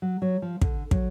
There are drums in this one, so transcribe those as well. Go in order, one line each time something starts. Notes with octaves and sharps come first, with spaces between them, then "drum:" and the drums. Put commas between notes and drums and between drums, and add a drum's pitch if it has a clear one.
F#3
F#3
F3
D3, drum: kick
F#3, drum: kick